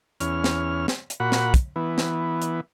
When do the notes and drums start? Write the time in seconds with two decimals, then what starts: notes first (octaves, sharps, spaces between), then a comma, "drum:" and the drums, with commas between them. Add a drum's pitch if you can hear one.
0.20 E2 C#4 F6, drum: hi-hat
0.44 drum: snare
0.88 drum: snare
1.10 drum: hi-hat
1.20 A#2 F#4 F#5 B5
1.32 drum: snare
1.54 drum: kick, hi-hat
1.76 E3 B3
1.98 drum: snare
2.42 drum: hi-hat